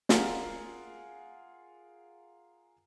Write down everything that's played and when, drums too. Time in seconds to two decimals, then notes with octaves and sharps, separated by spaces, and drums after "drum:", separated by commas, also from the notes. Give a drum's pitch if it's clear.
0.09 F4 G#4 A#4 F#5, drum: snare